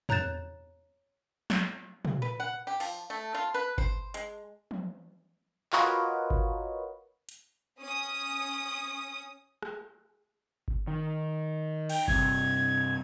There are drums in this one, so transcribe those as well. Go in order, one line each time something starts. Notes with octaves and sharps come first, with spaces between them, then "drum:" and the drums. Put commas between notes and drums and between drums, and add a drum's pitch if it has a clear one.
C#5 A#5 F#6 G6 A6 E7, drum: tom
drum: snare
drum: tom
B4
F#5
G4
F3, drum: open hi-hat
A3
F4
B4
C5, drum: kick G1
G#3, drum: hi-hat
drum: tom
F4 F#4 A#4 B4 C#5 D#5, drum: clap
drum: kick G1
drum: hi-hat
C#4 D#6
drum: rim click
drum: kick G1
D#3
G5, drum: cymbal
G2 C3 G#6, drum: kick G1